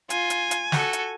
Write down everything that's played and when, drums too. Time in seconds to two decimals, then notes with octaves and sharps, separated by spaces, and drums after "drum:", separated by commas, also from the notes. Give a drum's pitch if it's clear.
0.10 F4 G#5, drum: hi-hat
0.30 drum: hi-hat
0.51 drum: hi-hat
0.72 F#4 A4, drum: snare
0.93 drum: hi-hat